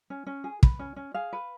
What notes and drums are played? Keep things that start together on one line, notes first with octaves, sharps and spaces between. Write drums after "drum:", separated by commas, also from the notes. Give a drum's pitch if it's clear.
C#4
C#4
G#4
B4, drum: kick
C#4
C#4
G#4 F5
B4